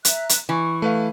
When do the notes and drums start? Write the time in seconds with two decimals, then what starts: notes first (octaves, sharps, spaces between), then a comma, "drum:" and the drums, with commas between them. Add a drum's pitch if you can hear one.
0.05 E5 A#5 F#6, drum: hi-hat
0.29 drum: hi-hat
0.49 E3 C#6
0.82 A3 B4 F5